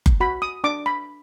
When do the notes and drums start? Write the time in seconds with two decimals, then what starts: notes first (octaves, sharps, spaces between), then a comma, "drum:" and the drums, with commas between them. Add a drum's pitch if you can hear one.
0.06 drum: kick F#1
0.20 F#4 B5
0.42 D#6
0.64 D4 D6
0.86 B5